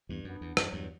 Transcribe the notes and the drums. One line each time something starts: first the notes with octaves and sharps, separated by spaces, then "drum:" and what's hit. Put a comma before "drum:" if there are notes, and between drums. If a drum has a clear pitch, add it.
E2 G2
F#2 B3 D4
E2
F#2 F#3, drum: rim click
E2 G2